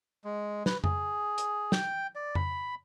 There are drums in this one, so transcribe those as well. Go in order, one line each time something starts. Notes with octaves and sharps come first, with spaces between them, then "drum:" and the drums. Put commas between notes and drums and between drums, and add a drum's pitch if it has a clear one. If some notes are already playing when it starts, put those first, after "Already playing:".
G#3
B4, drum: snare
G#4, drum: tom F2
drum: hi-hat
G5, drum: snare
D5
B5, drum: tom F2